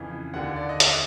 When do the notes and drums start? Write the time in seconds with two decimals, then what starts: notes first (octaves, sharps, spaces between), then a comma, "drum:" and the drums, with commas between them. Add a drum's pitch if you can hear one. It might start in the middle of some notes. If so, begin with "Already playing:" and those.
Already playing: F2 C#3 E3
0.34 D#2 D3 F#5
0.56 D5
0.69 D#5
0.80 E5, drum: hi-hat